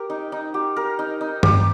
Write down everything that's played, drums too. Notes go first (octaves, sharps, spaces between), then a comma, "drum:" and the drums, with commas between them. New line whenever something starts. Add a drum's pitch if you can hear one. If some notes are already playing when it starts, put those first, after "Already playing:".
Already playing: G4 A#4
D#4
D#4
G4
A#4
D#4
D#4
G4, drum: tom G2